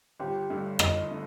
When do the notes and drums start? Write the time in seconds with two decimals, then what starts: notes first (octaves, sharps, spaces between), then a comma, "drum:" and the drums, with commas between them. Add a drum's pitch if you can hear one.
0.20 G1 G4
0.50 G2 D3 A3
0.79 G1 D#5, drum: rim click
1.11 D3 A3